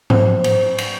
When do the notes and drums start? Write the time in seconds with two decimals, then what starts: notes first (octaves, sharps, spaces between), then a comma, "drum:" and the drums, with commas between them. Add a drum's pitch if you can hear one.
0.10 C5, drum: tom G#2
0.44 drum: cymbal
0.78 drum: cymbal